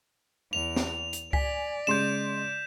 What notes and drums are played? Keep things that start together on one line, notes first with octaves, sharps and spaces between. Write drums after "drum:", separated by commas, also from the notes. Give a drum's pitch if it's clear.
E2 F7
drum: snare
drum: hi-hat
D5 G#5 B6, drum: kick C#2
C#3 G#3 C6 G6 E7